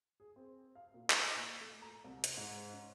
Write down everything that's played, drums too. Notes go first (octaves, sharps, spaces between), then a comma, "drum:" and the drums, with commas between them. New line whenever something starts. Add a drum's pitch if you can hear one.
G#4
C4
F5
A#2
C#6, drum: clap
A#2
A3
A#5
C2
F#6, drum: hi-hat
G#2
C#4